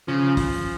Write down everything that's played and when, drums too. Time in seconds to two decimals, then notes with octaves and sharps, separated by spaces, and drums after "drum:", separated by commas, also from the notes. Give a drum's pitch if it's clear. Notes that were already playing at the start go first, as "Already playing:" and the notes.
0.08 C#3 F3
0.37 drum: kick, open hi-hat